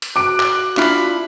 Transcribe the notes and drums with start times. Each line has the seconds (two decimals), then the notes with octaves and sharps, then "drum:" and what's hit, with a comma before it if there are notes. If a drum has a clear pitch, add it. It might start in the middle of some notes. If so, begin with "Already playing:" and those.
0.02 drum: hi-hat
0.16 F#4 D6 F#6 D7
0.40 drum: clap
0.77 D4 E4 F4 B5, drum: clap